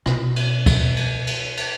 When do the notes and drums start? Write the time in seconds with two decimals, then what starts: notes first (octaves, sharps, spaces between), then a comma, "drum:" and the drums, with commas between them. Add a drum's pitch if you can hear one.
0.06 B2 C#4, drum: rim click
0.36 drum: cymbal
0.66 drum: kick, cymbal
0.97 drum: cymbal
1.27 drum: cymbal
1.57 drum: cymbal